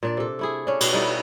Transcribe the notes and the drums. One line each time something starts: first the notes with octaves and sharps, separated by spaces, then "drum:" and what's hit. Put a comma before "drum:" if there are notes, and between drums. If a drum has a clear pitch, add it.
A#2 D4 D5
C3 A4
A3 E4 G#4
C#4 D4
B2, drum: cymbal
G3 D#4 E4 A4